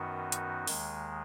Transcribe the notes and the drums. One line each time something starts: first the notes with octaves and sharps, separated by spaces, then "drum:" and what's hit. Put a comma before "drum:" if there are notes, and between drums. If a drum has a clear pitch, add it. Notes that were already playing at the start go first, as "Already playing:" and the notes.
Already playing: F#2 D#3 B3 D#4 F#4
drum: hi-hat
D#2 D#3 G#3, drum: open hi-hat